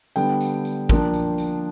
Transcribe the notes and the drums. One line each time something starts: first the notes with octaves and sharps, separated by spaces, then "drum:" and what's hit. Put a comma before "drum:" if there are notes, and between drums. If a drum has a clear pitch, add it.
D3 G3 B3 D4 G5, drum: tambourine
drum: tambourine
drum: tambourine
F3 A#3 D4, drum: kick, tambourine
drum: tambourine
drum: tambourine